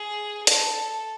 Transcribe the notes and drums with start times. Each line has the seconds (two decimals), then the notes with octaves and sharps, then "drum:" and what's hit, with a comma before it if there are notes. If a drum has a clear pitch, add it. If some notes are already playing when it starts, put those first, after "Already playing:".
Already playing: G#4
0.47 A4, drum: hi-hat